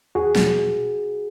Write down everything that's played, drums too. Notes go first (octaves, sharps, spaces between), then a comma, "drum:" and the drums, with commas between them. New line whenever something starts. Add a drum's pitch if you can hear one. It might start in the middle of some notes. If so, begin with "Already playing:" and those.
E2 F#4 G#4
B2, drum: snare